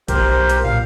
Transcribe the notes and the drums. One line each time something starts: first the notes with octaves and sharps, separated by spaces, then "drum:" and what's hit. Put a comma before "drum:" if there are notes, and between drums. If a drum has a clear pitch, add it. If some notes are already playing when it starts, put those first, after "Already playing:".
B1 G4 A#4 C5, drum: kick, hi-hat
drum: hi-hat
A#2 F5